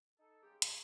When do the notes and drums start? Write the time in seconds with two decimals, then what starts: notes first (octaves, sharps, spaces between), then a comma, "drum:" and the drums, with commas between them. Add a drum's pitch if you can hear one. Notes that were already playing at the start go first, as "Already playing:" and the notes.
0.19 D#4 A4
0.43 C#3 G#3 G4 G#4
0.62 G3 C#4 C#5 G5 C#6 F#7, drum: hi-hat